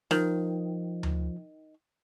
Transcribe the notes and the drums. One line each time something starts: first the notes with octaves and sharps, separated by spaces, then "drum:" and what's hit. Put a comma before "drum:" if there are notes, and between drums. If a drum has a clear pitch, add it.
D#3 F3, drum: snare
drum: tom D2